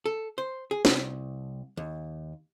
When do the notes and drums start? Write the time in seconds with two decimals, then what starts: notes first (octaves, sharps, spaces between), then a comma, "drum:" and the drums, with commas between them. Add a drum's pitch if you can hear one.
0.06 A4
0.38 C5
0.71 G#4
0.85 C2, drum: snare
1.77 D#2